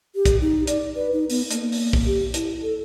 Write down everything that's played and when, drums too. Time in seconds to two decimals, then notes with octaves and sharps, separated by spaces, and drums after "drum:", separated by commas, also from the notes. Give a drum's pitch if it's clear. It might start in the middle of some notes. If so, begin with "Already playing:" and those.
0.15 G4
0.25 drum: kick, hi-hat
0.41 D#4
0.67 D5, drum: hi-hat
0.96 B4
1.13 D#4
1.30 B3, drum: open hi-hat
1.51 A#3, drum: hi-hat
1.72 drum: open hi-hat
1.93 drum: kick
2.06 G4
2.34 E4, drum: hi-hat
2.63 A4